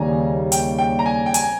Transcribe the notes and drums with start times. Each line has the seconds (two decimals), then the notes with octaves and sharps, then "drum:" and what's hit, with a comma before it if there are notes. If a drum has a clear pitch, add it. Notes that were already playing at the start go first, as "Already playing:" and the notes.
Already playing: D#2 C#3 G3 G#5 A#5
0.52 G5, drum: hi-hat
0.79 G5
0.99 A#5
1.06 G#5
1.26 G5
1.34 G#5, drum: hi-hat